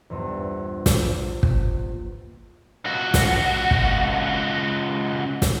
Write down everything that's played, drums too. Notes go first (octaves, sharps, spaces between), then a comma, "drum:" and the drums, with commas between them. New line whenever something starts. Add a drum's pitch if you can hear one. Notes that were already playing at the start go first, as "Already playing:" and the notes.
A#1 E2 G2
drum: snare
drum: kick
C#2 F#4
drum: snare
drum: kick
drum: snare